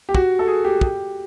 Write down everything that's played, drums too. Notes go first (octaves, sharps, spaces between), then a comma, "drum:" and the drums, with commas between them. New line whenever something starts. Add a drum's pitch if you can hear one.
G4
F#4, drum: kick
A4
G#4
G4
G4, drum: kick